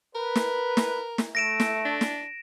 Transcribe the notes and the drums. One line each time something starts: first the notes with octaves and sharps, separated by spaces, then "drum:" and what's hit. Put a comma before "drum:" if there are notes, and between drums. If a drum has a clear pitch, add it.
A#4 B4
drum: snare
drum: snare
drum: snare
A3 A#6 D7 E7
drum: snare
D4
drum: snare